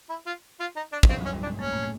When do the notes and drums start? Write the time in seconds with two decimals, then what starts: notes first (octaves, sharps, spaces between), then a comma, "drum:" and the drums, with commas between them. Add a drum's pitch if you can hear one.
0.09 E4
0.26 F4
0.60 F4
0.76 D#4
0.92 D4
1.03 F#3, drum: kick
1.09 F2 F3 C4
1.17 G3
1.21 F#2 F#3 C#4
1.33 G2 G3
1.42 D4
1.46 G#2 G#3
1.59 A#3 C#4
1.66 A3
1.73 A#2 A#3
1.83 A2 A3